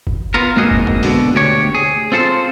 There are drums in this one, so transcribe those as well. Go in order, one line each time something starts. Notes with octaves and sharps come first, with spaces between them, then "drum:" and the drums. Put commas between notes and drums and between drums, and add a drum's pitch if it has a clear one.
drum: kick
B3 F4 A#4
G#2 A#3 C4 F#4 G#4 D#5
drum: kick
drum: tom
B2 D3, drum: open hi-hat
D2 G4 C#5
G#4
C4 F4 A4 C5